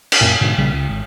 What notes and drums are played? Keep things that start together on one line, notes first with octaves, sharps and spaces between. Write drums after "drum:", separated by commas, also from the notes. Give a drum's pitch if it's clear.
drum: cymbal
F#2 A#2
G#2 B2 D3
A#1 C#3 G3
C#2
G#1